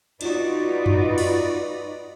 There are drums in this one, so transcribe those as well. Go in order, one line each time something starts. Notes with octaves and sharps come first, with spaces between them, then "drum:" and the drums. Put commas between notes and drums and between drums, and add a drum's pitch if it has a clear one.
D#4 F4 F#4 B4 D5 D#5, drum: cymbal
drum: tom F#2
drum: cymbal